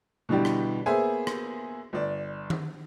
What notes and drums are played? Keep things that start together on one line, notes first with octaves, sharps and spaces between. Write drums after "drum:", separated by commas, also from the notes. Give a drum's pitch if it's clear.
B2 D3 E3 G3 D4 G4
drum: rim click
A#3 B3 G#4 C5 E5 G#5
drum: rim click
G1 D5
drum: tom D#3